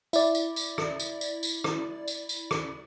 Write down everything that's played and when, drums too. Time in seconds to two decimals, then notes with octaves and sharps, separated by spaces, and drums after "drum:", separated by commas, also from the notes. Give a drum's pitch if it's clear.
0.13 E4 D5, drum: tambourine
0.35 drum: tambourine
0.56 drum: tambourine
0.78 drum: rim click
1.00 drum: tambourine
1.21 drum: tambourine
1.43 drum: tambourine
1.64 drum: rim click
2.08 drum: tambourine
2.29 drum: tambourine
2.51 drum: rim click